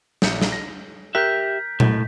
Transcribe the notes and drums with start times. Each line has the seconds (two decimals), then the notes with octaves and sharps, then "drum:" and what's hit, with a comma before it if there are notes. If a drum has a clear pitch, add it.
0.22 A#1 G6 C#7, drum: snare
0.42 drum: snare
0.52 A#6
1.15 G4 A#4 E5 F#6 G6 B6
1.80 A2, drum: tom A#2